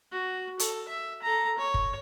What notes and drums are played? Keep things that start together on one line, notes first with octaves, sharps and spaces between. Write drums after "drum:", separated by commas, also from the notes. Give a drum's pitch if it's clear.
F#4
A4, drum: hi-hat
E5
A4 A#5
C#5
drum: kick